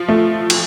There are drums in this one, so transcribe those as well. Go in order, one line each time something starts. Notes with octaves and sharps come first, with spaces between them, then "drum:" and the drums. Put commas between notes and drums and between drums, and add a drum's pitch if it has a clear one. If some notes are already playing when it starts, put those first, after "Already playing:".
Already playing: F3
A3
drum: cymbal